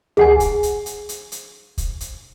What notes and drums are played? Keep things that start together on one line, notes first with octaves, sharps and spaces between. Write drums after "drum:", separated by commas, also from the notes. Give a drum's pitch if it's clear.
G#4 F#5 G#5, drum: tom C#2
drum: kick, hi-hat
drum: hi-hat
drum: hi-hat
drum: hi-hat
drum: hi-hat
drum: kick, hi-hat
drum: hi-hat